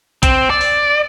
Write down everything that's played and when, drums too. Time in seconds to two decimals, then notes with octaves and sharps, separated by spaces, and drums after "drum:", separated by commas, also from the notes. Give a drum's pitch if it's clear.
0.23 C4, drum: kick A#1, hi-hat
0.50 D5
0.61 drum: open hi-hat